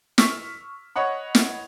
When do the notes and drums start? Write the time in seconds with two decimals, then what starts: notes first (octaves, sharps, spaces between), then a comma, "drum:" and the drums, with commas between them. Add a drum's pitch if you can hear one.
0.18 C#6 E6 F6 B6, drum: snare
0.96 C#5 D#5 F#5 B5
1.35 drum: snare